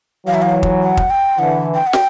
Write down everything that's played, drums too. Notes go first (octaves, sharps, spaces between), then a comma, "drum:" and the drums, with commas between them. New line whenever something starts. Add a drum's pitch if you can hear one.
E3 F#3 F5
E5
F5
drum: kick
F#5
drum: kick
G5
D3 E3 F#5
G5
F#5
G5, drum: snare